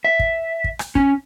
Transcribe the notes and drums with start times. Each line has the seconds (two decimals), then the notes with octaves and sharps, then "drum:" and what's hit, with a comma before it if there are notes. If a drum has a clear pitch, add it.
0.05 E5
0.19 drum: kick
0.64 drum: kick
0.79 drum: rim click
0.95 C#4, drum: kick